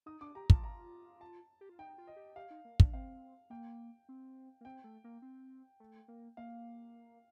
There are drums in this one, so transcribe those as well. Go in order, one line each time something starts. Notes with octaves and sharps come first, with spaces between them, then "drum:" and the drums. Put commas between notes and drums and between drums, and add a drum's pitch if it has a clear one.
D#4 D#6
D4 D6
G4 A#5
F4 A5, drum: kick
A#5
A5
G4
F4
D#4 G5
F4
D#5
G4
G4 F5
D#4
A#3
D4, drum: kick
C4 F5
A#3 G5
C4
A#3
C4 G5
A3
A#3
C4
A3
A#3
A#3 F5